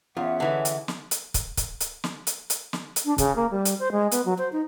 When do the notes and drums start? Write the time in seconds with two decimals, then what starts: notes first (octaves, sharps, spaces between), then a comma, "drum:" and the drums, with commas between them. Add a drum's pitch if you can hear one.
0.17 E2 C#4 F4 E5 F#5
0.40 D3 E3 G#3
0.65 drum: hi-hat
0.88 drum: snare
1.11 drum: hi-hat
1.34 drum: kick, hi-hat
1.57 drum: kick, hi-hat
1.81 drum: hi-hat
2.04 drum: snare
2.27 drum: hi-hat
2.50 drum: hi-hat
2.73 drum: snare
2.96 drum: hi-hat
3.05 D4
3.18 C#3, drum: kick, hi-hat
3.36 A#3
3.51 G3
3.65 drum: hi-hat
3.79 C5
3.92 G#3
4.12 B3, drum: hi-hat
4.25 F#3
4.38 C5
4.52 D#4